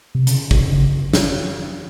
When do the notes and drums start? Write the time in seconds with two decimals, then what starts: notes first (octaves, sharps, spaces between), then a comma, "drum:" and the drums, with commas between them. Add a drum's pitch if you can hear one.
0.15 C3
0.27 C#3, drum: hi-hat
0.51 drum: kick
1.13 drum: snare